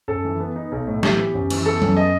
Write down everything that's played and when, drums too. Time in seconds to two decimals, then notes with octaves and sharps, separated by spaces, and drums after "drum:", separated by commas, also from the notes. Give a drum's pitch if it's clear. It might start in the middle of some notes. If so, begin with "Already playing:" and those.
0.08 F#2 A4
0.25 E3
0.40 B3
0.56 D#4
0.72 B1
0.87 A2
1.03 E3 G4, drum: snare
1.19 B3
1.34 F#2
1.50 E3, drum: cymbal
1.66 B3 A4
1.82 F#2, drum: tom F#3
1.97 D#5